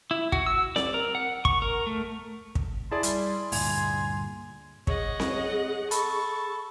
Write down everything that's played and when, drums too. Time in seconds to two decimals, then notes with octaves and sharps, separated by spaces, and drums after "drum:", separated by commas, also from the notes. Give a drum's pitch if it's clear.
0.11 E4
0.32 F#4, drum: kick
0.46 E6
0.76 D5, drum: snare C4
0.94 A#4
1.15 F#5
1.45 C#6, drum: kick
1.62 A#4
1.87 A3
2.55 drum: kick
2.91 E4 G#4 D5 A5 C6
3.03 G3, drum: hi-hat
3.52 D2 G2 A#2 G#5, drum: open hi-hat
4.87 G#4 C#5 D#5 F#5, drum: kick
5.20 drum: snare C4
5.91 A4 B5 C#6, drum: hi-hat